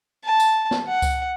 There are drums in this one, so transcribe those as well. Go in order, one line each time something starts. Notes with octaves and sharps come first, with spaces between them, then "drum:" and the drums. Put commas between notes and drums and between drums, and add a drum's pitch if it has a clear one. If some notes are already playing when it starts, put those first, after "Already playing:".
A5
drum: tambourine
drum: snare
F#5
drum: kick C#2, tambourine